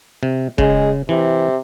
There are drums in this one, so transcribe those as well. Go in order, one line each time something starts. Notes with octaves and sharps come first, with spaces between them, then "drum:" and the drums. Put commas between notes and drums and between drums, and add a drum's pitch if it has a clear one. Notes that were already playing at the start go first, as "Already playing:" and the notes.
C3
C#3 G#3, drum: kick
C3 E3